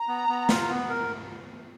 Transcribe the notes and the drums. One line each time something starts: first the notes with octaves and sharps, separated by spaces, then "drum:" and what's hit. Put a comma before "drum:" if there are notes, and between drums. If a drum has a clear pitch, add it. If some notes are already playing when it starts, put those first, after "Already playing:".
Already playing: A#5
B3
B3
F4, drum: snare
B3
A#4